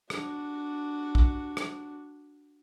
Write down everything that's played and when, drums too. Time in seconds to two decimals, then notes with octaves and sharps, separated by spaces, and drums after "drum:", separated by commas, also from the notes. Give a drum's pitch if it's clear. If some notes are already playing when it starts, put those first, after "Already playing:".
0.10 D4 F#4, drum: rim click
1.15 drum: kick
1.57 drum: rim click